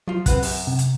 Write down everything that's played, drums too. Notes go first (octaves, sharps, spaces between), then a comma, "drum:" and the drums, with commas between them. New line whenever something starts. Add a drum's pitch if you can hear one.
F3 F#3 F4
C4 B4 F#5, drum: kick, hi-hat
F#2, drum: open hi-hat
C3
drum: hi-hat